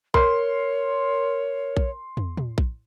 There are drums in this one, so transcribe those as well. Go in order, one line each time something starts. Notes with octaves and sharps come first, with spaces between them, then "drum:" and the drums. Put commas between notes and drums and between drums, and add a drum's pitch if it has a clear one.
A#4 C#5 C6, drum: kick A#1
drum: kick A#1
drum: tom
drum: tom
drum: kick A#1